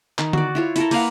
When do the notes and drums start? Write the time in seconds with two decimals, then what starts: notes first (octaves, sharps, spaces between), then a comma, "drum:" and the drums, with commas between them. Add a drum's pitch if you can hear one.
0.19 D#3, drum: clap
0.33 F#4 D5, drum: tom D3
0.55 E4 F4 C#5
0.76 E4 A4 A#4, drum: hi-hat
0.91 A#3 B4 F5 F#5, drum: open hi-hat